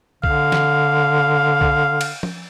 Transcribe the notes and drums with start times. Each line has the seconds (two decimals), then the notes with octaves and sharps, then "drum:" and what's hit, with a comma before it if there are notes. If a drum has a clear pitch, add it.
0.24 D3 F5, drum: kick B1
0.52 drum: snare
1.61 drum: kick B1
2.01 drum: cymbal
2.23 drum: tom